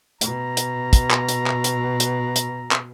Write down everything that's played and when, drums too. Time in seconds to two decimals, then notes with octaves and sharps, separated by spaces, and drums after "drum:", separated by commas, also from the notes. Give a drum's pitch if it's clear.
0.21 B2 A#5, drum: hi-hat
0.57 drum: hi-hat
0.93 drum: kick, hi-hat
1.11 drum: clap
1.29 drum: hi-hat
1.46 drum: clap
1.64 drum: hi-hat
2.00 drum: hi-hat
2.36 drum: hi-hat
2.72 drum: clap